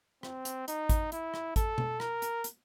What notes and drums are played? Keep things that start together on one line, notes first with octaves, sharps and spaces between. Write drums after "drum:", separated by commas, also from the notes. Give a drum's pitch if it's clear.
C4, drum: rim click
drum: hi-hat
D#4, drum: hi-hat
drum: kick G#1, hi-hat
E4, drum: hi-hat
drum: rim click
A4, drum: kick G#1, hi-hat
drum: tom B2
A#4, drum: rim click
drum: hi-hat
drum: hi-hat